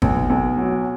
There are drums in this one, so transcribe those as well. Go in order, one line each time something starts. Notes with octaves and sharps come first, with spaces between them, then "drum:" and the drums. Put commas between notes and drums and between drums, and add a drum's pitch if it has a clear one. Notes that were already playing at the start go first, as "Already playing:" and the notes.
B1, drum: kick
B1
F#3